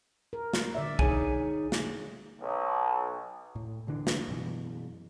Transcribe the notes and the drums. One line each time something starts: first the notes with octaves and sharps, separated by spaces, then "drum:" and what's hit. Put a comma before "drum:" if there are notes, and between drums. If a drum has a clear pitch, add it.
A#4
drum: snare
D3 D5 E5
D#4 G#4 C#5 G#5, drum: kick
drum: snare
B1
A2
D2 D3 E3 D4
drum: snare
F#2 B2 E3